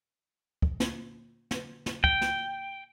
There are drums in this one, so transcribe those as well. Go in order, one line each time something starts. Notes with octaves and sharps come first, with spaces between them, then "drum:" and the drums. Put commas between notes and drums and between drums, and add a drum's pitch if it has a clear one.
drum: kick
drum: snare
drum: snare
drum: snare
G5, drum: kick
drum: snare